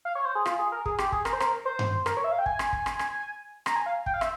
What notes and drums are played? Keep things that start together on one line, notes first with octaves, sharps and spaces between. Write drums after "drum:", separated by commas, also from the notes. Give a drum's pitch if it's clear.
F5
C#5
C5
G#4
F4, drum: rim click
G#4
A#4
G#4, drum: kick
G4, drum: rim click
G#4, drum: kick
A#4, drum: rim click
C5
A#4, drum: rim click
C5
drum: tom G2
A#4, drum: rim click
C#5
E5
F5
G5
G#5, drum: kick
drum: rim click
drum: kick
drum: rim click
drum: rim click
A#5, drum: rim click
G#5
F5
G5, drum: kick
F5
E5, drum: rim click